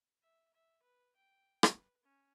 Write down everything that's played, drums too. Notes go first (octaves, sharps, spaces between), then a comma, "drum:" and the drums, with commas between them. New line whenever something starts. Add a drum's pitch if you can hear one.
E5
E5
B4
G5
drum: rim click
B4
C#4